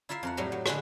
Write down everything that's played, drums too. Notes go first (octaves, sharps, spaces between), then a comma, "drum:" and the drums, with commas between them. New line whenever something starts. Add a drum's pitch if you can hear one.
E4 F4 A#4 E5 F5
F2 A#4 F#5
A2 F#3 G3 G4 A#5
F#3
D3 G#3 B4, drum: rim click